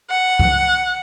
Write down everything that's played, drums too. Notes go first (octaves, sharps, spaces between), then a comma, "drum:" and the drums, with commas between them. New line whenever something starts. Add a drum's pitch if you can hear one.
F#5
drum: kick C#2